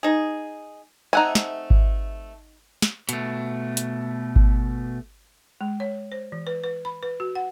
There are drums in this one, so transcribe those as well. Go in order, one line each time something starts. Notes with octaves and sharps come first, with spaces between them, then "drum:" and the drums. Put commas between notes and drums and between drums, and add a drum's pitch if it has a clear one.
D#4 G#4
C3 A3 D#4 F#5 G#5
drum: snare
drum: kick G#1
drum: snare
B2 A3, drum: hi-hat
drum: hi-hat
drum: kick G#1
G#3
C#5
C5
E3
B4
B4
B5
B4
F#4
F#5